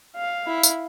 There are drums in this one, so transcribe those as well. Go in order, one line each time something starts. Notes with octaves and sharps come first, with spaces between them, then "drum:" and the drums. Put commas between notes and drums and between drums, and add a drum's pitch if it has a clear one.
F5
E4
drum: tambourine